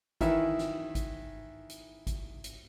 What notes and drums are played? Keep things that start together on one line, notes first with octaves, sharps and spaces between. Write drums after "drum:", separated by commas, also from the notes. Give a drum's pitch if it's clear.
D#3 E3 E4, drum: kick G#1, hi-hat
drum: snare
drum: kick G#1, hi-hat
drum: hi-hat
drum: kick G#1, hi-hat
drum: hi-hat